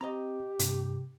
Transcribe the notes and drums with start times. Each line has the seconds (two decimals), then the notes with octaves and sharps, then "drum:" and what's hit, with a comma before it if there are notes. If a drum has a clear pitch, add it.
0.01 C4 G4 C5 D#5 A#5
0.59 G2 C3, drum: hi-hat